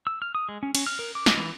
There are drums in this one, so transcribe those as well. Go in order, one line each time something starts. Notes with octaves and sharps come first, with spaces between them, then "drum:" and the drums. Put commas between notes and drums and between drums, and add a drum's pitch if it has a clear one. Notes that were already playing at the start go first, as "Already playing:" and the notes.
E6
F6
D#6
G#3
C#4
C#4, drum: cymbal
F6
A#4
D6
drum: snare
E3